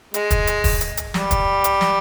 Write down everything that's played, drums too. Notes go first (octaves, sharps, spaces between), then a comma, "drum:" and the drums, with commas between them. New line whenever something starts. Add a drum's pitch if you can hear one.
G#3, drum: hi-hat
drum: kick, hi-hat
drum: hi-hat
drum: kick, open hi-hat
drum: hi-hat
drum: hi-hat
G3, drum: snare
drum: kick, hi-hat
drum: hi-hat
drum: snare